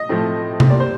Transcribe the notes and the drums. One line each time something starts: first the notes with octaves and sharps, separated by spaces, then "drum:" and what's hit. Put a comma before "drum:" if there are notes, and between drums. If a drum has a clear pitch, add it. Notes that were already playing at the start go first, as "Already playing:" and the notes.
Already playing: D#5
A2 F3 A3 C4
drum: tom C3
A#2 G3 A#3 D5
C5